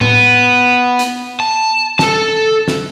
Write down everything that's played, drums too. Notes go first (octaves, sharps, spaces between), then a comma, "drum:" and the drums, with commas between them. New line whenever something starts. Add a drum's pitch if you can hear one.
B3, drum: tom A2
drum: hi-hat
A5
A4 A5, drum: snare
drum: snare